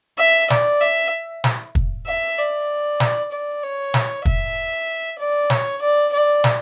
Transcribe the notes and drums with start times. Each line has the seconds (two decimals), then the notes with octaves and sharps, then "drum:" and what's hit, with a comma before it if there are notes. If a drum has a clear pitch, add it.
0.18 E5
0.50 D5, drum: snare
0.81 E5
1.44 drum: snare
1.75 drum: kick
2.06 E5
2.37 D5
3.00 drum: snare
3.31 D5
3.63 C#5
3.94 drum: snare
4.25 E5, drum: kick
5.18 D5
5.50 C#5, drum: snare
5.81 D5
6.12 D5
6.44 drum: snare